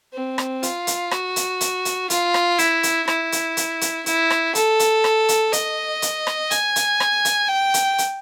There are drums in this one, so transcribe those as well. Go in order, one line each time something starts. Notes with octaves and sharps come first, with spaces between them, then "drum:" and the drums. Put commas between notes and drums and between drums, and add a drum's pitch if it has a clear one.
C4
drum: rim click
F4, drum: hi-hat
drum: hi-hat
F#4, drum: rim click
drum: hi-hat
drum: hi-hat
drum: hi-hat
F4, drum: hi-hat
drum: rim click
E4, drum: hi-hat
drum: hi-hat
E4, drum: rim click
drum: hi-hat
drum: hi-hat
drum: hi-hat
E4, drum: hi-hat
drum: rim click
A4, drum: hi-hat
drum: hi-hat
drum: rim click
drum: hi-hat
D#5, drum: hi-hat
drum: hi-hat
drum: rim click
G#5, drum: hi-hat
drum: hi-hat
drum: rim click
drum: hi-hat
G5
drum: hi-hat
drum: hi-hat